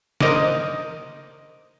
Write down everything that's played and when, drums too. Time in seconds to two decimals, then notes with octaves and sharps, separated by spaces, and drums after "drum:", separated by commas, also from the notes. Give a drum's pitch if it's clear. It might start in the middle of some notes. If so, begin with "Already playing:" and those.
0.21 A#4 C5 D#5 D6 D#6, drum: snare